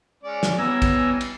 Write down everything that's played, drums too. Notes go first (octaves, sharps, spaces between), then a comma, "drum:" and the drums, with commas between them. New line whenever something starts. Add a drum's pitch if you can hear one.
G#3 C#4 D5
drum: snare
E3 G3 B3 C#4 G#5 A#5 E6
drum: kick, cymbal
drum: cymbal